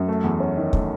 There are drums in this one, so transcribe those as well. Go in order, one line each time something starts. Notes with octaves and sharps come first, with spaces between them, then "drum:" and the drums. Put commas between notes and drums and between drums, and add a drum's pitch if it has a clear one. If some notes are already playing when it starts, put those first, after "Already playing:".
Already playing: F#2
A3
E2
C#4
D#3
A3, drum: kick